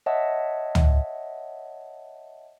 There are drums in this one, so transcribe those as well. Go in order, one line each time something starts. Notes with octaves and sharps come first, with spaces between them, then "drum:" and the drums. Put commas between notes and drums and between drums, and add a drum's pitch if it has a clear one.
C#5 D#5 E5 F#5 A5
drum: tom